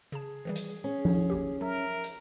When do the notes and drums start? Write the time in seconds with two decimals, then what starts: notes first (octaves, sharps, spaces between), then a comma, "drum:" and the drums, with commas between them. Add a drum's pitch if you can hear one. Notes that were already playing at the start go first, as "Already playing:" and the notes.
0.12 C#3 G#4 A5
0.45 D#3 E3 G3
0.56 drum: hi-hat
0.84 C#4
1.05 drum: tom F3
1.30 G1 D#2 G4
1.61 F#3 A#4 E5
2.04 drum: hi-hat